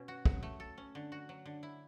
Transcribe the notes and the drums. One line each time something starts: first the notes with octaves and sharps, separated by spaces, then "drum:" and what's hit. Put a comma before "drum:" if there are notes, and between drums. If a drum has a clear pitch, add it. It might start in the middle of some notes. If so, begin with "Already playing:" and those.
Already playing: B2 C#4
F#4
F#3, drum: kick
A3
A4
C#4
D3
F#4
F#3
D3
E4